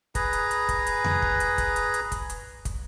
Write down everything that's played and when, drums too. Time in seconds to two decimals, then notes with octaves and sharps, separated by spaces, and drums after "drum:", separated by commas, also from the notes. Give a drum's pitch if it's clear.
0.15 G#4 B4 A#5, drum: kick, hi-hat
0.33 drum: hi-hat
0.51 drum: hi-hat
0.69 drum: kick, hi-hat
0.87 drum: hi-hat
1.04 drum: tom E2
1.22 drum: kick
1.40 drum: hi-hat
1.58 drum: kick, hi-hat
1.76 drum: hi-hat
1.94 drum: hi-hat
2.12 drum: kick, hi-hat
2.30 drum: hi-hat
2.65 drum: kick, hi-hat